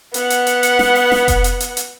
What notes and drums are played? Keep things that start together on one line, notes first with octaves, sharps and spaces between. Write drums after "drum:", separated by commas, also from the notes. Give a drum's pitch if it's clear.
B3 F#5, drum: hi-hat
drum: hi-hat
drum: hi-hat
drum: hi-hat
drum: snare
drum: open hi-hat
drum: snare
drum: kick F1, hi-hat
drum: hi-hat
drum: hi-hat
drum: hi-hat